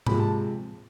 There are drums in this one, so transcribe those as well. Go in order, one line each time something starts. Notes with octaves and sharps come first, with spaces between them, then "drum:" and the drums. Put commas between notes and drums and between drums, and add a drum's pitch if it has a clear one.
C3 F3 G#3 B5, drum: tom G#2
A5